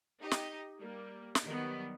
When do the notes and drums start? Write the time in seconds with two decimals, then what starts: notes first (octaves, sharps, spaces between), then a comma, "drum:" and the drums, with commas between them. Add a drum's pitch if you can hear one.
0.21 D#4 G4 D#5
0.31 drum: snare
0.78 G3 A#3
1.35 drum: snare
1.44 D#3 F#3 G3 B3